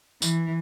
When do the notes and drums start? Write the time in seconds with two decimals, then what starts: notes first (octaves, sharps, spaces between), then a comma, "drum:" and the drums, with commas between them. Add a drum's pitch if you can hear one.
0.22 E3, drum: tambourine